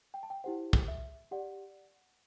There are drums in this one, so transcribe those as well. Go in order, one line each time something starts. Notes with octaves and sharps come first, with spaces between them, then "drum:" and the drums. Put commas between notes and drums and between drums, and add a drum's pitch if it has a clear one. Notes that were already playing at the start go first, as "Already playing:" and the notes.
G5
A5
G5
E4 G4 C5 F#5
drum: kick
E5
G4 D5 F#5